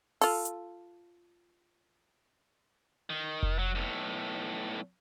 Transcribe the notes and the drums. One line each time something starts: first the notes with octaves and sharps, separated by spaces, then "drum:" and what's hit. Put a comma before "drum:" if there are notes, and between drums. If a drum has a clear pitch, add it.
F4 A4, drum: open hi-hat
drum: hi-hat
D#3
drum: kick F1
F#3
B1 A2